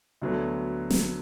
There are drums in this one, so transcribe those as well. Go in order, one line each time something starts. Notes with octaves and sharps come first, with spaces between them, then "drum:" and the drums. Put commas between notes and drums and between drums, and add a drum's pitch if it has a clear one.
D2 D3 F#3 B3
drum: snare